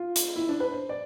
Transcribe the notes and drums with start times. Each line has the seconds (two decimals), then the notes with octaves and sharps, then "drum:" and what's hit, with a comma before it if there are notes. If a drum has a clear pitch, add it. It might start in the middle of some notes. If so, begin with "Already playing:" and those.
Already playing: F4
0.16 drum: hi-hat
0.36 E4
0.49 D4
0.60 B4
0.72 C5
0.89 D5